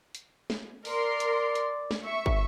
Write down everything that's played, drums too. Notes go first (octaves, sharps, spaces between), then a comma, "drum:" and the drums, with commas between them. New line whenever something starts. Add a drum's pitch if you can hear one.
drum: hi-hat
drum: snare
A#4 D5 C6, drum: open hi-hat
drum: hi-hat
drum: hi-hat
drum: snare
E5 C#6
drum: kick